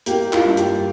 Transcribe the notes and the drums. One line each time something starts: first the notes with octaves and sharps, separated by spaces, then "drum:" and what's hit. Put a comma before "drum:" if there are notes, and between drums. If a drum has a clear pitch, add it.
A#3 G4, drum: hi-hat
F4, drum: clap
G2
G4, drum: hi-hat